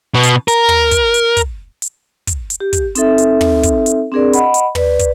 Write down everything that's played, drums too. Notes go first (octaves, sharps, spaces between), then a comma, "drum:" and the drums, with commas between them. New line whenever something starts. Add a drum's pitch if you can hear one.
B2 B3
drum: hi-hat
A#4, drum: hi-hat
drum: tom
drum: kick, hi-hat
drum: hi-hat
drum: kick, hi-hat
drum: hi-hat
drum: kick, hi-hat
drum: hi-hat
G4
drum: kick, hi-hat
C4 D#4 A4 E5, drum: hi-hat
drum: hi-hat
drum: tom
drum: kick, hi-hat
drum: hi-hat
C4 D4 G#4 A#4 D5
D#5 F#5 B5, drum: hi-hat
drum: hi-hat
B4 D5, drum: tom
drum: kick, hi-hat